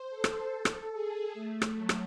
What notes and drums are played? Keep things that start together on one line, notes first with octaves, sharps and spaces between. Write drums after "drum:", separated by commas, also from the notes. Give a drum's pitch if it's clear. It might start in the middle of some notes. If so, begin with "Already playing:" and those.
Already playing: C5
A4
drum: rim click
drum: rim click
G#4
A3
drum: rim click
F#3
drum: rim click